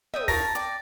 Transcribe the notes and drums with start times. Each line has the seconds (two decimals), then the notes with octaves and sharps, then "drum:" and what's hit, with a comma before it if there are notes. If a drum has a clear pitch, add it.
0.14 E5 G5 D#6, drum: tom
0.28 A#4 C#5 F5 A5 A#6, drum: kick, open hi-hat
0.55 D5 G5, drum: hi-hat